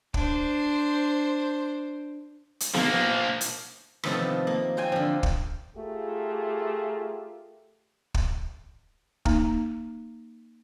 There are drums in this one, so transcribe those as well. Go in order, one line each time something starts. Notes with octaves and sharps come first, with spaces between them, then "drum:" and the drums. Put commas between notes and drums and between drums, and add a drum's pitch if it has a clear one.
D4 C5, drum: kick
drum: hi-hat
F3 A#3, drum: snare B3
drum: hi-hat
C3 D#3 F3 A3 B3 A4, drum: rim click
A#3
C4 C5 G5 G#5
D3 F3
drum: kick
A3 F4 G4 G#4 A#4
drum: kick
A#3 D#4, drum: kick